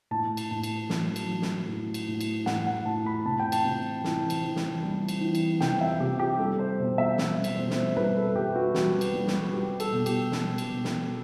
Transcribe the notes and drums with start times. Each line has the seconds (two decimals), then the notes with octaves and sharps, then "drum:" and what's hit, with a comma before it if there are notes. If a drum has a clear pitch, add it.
0.11 A2 A5
0.37 drum: cymbal
0.51 A2 A5
0.63 drum: cymbal
0.90 F#3, drum: snare
1.16 drum: cymbal
1.28 F#3
1.42 drum: snare
1.68 A2
1.94 drum: cymbal
2.08 A2
2.21 drum: cymbal
2.46 A2 F#5, drum: snare
2.67 F#5
2.85 A2 A5
3.06 B5
3.25 C3 A5
3.39 G5
3.52 A5, drum: cymbal
3.64 C3
4.04 E3, drum: snare
4.30 drum: cymbal
4.43 E3
4.56 drum: snare
4.82 G3
5.08 drum: cymbal
5.21 E3
5.35 drum: cymbal
5.60 C3 G5, drum: snare
5.81 E5
6.00 C3 G4
6.19 G4
6.39 G3 A4
6.59 C5
6.79 B2
6.98 E5
7.18 G3, drum: snare
7.44 drum: cymbal
7.57 B2 C5
7.70 drum: snare
7.97 G3 B4, drum: tom F#2
8.17 A4
8.35 G3 G4
8.55 F#4
8.74 G3, drum: snare
9.01 drum: cymbal
9.14 G3
9.27 drum: snare
9.53 G3 G4
9.80 A4, drum: cymbal
9.92 B2
10.06 G4, drum: cymbal
10.32 B2, drum: snare
10.58 drum: cymbal
10.71 B2
10.84 drum: snare